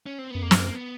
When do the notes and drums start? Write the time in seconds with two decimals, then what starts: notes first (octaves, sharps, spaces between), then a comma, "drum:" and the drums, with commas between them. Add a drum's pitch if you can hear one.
0.06 C#4
0.19 C4
0.30 F#2 B3
0.42 F2 A#3
0.51 G2, drum: snare
0.59 F#2
0.66 A#3
0.75 B3